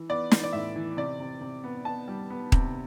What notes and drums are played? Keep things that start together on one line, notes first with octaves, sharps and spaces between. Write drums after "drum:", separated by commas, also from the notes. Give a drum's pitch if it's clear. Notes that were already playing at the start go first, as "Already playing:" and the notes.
Already playing: E3
B3 D5
E3, drum: snare
D5
A2 E5
E3
C3 D5
C3
C3
B3
B3 A5
G3
B3
C3, drum: kick D#1